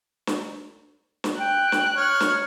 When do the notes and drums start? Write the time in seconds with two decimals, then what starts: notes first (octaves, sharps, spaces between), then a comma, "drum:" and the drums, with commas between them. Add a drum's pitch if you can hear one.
0.27 drum: snare
1.24 drum: snare
1.39 G5 F#6
1.72 drum: snare
1.96 C#5 F6
2.20 drum: snare